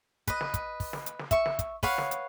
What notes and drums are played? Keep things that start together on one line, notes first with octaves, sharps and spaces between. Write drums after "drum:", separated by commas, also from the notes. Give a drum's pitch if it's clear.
B4 D#5, drum: kick, hi-hat
drum: snare
drum: kick, hi-hat
drum: kick, open hi-hat
drum: snare
drum: hi-hat
drum: snare
E5 C#6, drum: kick, hi-hat
drum: snare
drum: kick, hi-hat
B4 C#5 F5 F#5, drum: kick, open hi-hat
drum: snare
drum: hi-hat